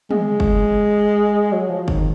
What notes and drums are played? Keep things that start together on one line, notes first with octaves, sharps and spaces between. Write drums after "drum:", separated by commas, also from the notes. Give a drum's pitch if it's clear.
G#3, drum: tom
drum: kick
F#3
F3
D#3, drum: kick